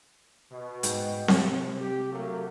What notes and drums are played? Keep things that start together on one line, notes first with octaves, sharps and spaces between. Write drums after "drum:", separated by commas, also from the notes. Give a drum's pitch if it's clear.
B2
G#2 G#3 G5, drum: hi-hat
C3, drum: snare C4
G4
F#3 A3 A#3